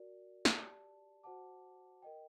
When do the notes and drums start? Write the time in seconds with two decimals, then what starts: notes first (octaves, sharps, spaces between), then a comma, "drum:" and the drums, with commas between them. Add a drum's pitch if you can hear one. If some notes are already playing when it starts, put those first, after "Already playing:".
Already playing: F#4 A#4 D5
0.45 G4 D5 A5, drum: snare
1.23 F#4 C5 F#5 A5 D6
2.02 A#4 D#5 G5